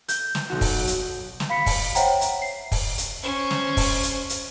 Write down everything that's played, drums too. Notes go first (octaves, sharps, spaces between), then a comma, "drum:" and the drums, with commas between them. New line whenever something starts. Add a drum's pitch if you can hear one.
G6, drum: hi-hat
drum: snare
B1 F#4
drum: kick, open hi-hat
drum: hi-hat
drum: snare
F5 B5 B6 C#7
drum: kick, open hi-hat
C5 C#5 E5 F#5 G5 A#5, drum: hi-hat
E5, drum: hi-hat
C7
drum: kick, open hi-hat
drum: hi-hat
C#4 C5
drum: snare
drum: kick, open hi-hat
drum: hi-hat
drum: hi-hat